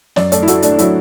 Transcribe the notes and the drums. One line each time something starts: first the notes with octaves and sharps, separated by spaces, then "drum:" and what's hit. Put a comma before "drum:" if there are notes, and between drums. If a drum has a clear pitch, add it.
F#2 D5, drum: snare
A3 D5, drum: hi-hat
E4
A3 F#4, drum: hi-hat
A3 D4, drum: hi-hat
F#3 E4, drum: hi-hat